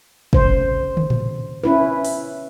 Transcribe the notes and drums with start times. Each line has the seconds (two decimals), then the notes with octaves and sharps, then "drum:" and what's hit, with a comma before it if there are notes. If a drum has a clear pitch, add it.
0.33 C#3 C5, drum: kick
0.97 drum: tom
1.10 drum: tom A2
1.64 C#4 E4 B4
2.05 drum: open hi-hat